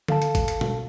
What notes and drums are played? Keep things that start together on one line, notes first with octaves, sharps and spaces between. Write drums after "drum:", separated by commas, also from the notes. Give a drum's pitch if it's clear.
A4 F5 A5, drum: tom D3
drum: hi-hat
drum: kick, hi-hat
drum: hi-hat
drum: tom B2